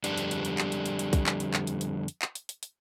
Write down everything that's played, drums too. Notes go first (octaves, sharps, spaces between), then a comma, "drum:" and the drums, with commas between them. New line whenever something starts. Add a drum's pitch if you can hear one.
F2 D3 G3 D4, drum: hi-hat
drum: hi-hat
drum: hi-hat
drum: hi-hat
drum: clap
drum: hi-hat
drum: hi-hat
drum: hi-hat
drum: kick, hi-hat
drum: clap
drum: hi-hat
drum: clap
drum: hi-hat
drum: hi-hat
drum: hi-hat
drum: clap
drum: hi-hat
drum: hi-hat
drum: hi-hat